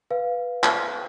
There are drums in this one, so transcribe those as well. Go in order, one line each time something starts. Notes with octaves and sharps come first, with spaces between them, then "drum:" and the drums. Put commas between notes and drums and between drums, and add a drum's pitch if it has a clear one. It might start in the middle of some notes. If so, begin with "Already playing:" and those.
B4 F5
drum: clap